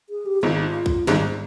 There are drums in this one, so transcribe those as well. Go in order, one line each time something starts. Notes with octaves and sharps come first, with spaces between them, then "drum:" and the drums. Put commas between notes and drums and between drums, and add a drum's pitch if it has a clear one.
G#4
G4
G#1 G#2 F4
D#4
F4
drum: kick B1
G#1 G#2 G3, drum: snare